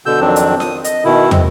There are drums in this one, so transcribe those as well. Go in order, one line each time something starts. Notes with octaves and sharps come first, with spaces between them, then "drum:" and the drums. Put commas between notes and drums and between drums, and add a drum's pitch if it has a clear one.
B2 D3 E6 G6
F2 D#3 F#3 C4 D4
drum: hi-hat
D#6, drum: snare F4
D#5, drum: hi-hat
B2 D#3 E4
G#3 C4, drum: tom